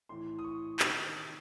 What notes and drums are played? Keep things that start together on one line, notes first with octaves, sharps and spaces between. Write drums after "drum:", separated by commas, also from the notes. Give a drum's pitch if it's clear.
A2 E3 C6
D#6
C#6
C3 D#3 D#6, drum: clap